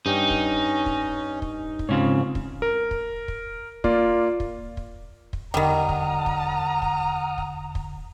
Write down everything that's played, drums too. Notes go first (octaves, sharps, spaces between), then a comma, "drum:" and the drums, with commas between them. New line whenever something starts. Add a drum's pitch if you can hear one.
G2 C#4 D#4 G5
drum: kick
drum: kick
drum: kick
drum: kick
G#2 C#3 C4 F4 C#5
drum: kick
A#4
drum: kick
drum: kick
A#3 F4 D5, drum: kick
drum: kick
drum: kick
drum: kick
E2 D3 D#3 G3 F#5 A#5 D#6 F6
drum: kick
drum: kick
drum: kick
drum: kick
drum: kick